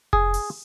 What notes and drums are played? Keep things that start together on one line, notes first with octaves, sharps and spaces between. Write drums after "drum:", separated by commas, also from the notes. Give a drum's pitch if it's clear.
G#4, drum: kick F1
drum: open hi-hat